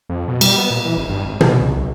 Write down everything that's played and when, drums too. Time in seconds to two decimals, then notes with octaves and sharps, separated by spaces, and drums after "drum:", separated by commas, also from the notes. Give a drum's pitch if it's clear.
0.09 F2
0.28 B2
0.41 G3, drum: cymbal
0.58 B3
0.70 A#2
0.85 E3
0.97 G#1
1.10 G2
1.25 G#1
1.41 B2, drum: tom
1.61 C#2
1.76 B1